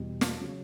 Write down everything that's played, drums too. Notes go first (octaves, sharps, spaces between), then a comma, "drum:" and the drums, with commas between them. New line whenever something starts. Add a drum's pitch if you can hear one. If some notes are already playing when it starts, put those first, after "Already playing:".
Already playing: E2 B2 G3
drum: snare
C#3 F#3